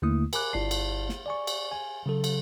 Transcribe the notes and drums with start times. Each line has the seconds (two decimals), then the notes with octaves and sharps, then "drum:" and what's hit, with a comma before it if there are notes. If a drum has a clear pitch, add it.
0.02 D#2 D3 A3 A#3 E4 D#6
0.33 A#4 G#5 B5 D6 F#6, drum: cymbal
0.53 G1 E4 D5 A5 C7
0.71 drum: cymbal
1.09 drum: snare
1.26 D5 G#5 C#6
1.47 drum: cymbal
1.72 G#5
2.06 C#3 F#3 A4
2.24 drum: cymbal